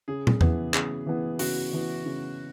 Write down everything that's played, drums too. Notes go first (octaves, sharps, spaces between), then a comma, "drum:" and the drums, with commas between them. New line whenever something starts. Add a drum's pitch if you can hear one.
C#3 G#4
drum: tom
E3 B3, drum: tom E2
C#3 G#4, drum: clap
E3 B3
C#3 F#4, drum: open hi-hat
E3 B3
C#3